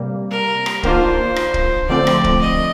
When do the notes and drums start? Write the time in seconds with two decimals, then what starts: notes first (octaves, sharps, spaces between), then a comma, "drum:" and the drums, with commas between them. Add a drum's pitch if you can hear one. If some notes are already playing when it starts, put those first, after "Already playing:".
Already playing: C3 G3 A#3
0.31 A#4
0.66 drum: rim click
0.83 D#3 A#3 D4 F4 C5, drum: kick
1.36 drum: rim click
1.54 drum: kick
1.89 D3 F3 A3 C4 D5
2.07 drum: rim click
2.24 drum: kick
2.41 D#5